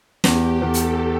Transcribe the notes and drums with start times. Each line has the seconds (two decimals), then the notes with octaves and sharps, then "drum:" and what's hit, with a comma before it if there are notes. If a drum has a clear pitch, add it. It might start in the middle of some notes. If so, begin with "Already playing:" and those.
0.24 E2 G4, drum: snare
0.61 E2 A4
0.74 drum: hi-hat